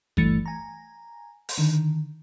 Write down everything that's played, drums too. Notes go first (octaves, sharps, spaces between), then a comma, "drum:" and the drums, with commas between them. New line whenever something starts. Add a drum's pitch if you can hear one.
G1 G2 E3 A3 A6 C#7, drum: kick
G#5 A#5
drum: open hi-hat
D3 D#3